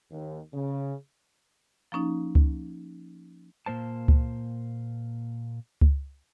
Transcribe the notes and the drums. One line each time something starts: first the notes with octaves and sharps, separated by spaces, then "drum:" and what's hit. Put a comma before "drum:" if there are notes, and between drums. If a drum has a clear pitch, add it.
D#2
C#3
F3 A#3 C#4 D#4
drum: kick C#2
A#2 A#3 C5 A5
drum: kick C#2
drum: kick C#2